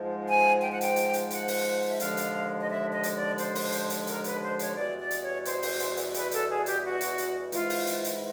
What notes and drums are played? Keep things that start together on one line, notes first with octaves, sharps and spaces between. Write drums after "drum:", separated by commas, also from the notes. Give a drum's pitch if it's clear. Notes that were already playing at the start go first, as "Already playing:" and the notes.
Already playing: G#2 F3 G#3
G#5
G5
F#5
G5, drum: hi-hat
drum: hi-hat
drum: hi-hat
F#5, drum: hi-hat
drum: open hi-hat
E5
D#2 D3 F3 G#3 F5, drum: hi-hat
drum: hi-hat
D#5
E5
D#5
drum: hi-hat
D5
C5, drum: hi-hat
drum: open hi-hat
drum: hi-hat
drum: hi-hat
A#4, drum: hi-hat
B4, drum: hi-hat
C5
C#5, drum: hi-hat
E2 B2 G3 D5
D5
drum: hi-hat
C#5
C5, drum: hi-hat
drum: open hi-hat
drum: hi-hat
drum: hi-hat
B4, drum: hi-hat
A4, drum: hi-hat
G#4
G4, drum: hi-hat
F#4
drum: hi-hat
drum: hi-hat
G#2 E3 G#3 F4, drum: hi-hat
drum: open hi-hat
drum: hi-hat
drum: hi-hat